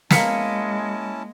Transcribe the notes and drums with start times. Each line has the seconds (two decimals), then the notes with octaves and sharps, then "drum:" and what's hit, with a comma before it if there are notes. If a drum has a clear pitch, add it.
0.11 G#3 A#3 C#4 E4 F5 A5 B6 C#7, drum: snare